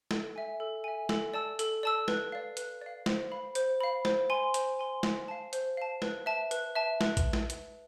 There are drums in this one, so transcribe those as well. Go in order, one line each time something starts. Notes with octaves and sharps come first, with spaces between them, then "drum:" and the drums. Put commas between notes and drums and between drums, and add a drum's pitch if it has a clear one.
A4, drum: snare
E5 G#5
A4
E5 G#5
A4, drum: snare
D5 A5 E6
A4, drum: hi-hat
D5 A5 E6
B4, drum: snare
D5 F5
B4, drum: hi-hat
D5 F5
C5, drum: snare
F5 B5
C5, drum: hi-hat
F5 B5
C5, drum: snare
G#5 C6
C5, drum: hi-hat
G#5 C6
C5, drum: snare
F5 A5
C5, drum: hi-hat
F5 A5
B4, drum: snare
E5 A5
B4, drum: hi-hat
E5 A5
B4, drum: snare
drum: kick A#1, hi-hat
drum: snare
drum: hi-hat